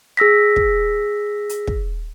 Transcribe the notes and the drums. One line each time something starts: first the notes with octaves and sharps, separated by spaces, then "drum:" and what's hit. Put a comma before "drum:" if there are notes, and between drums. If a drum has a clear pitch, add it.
G#4 E6 A#6 B6
drum: kick
drum: hi-hat
drum: kick